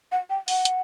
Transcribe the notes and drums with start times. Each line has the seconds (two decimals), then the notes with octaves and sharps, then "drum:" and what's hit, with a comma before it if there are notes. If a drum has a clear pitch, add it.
0.12 F#5
0.30 G5
0.48 F#5, drum: open hi-hat
0.65 drum: hi-hat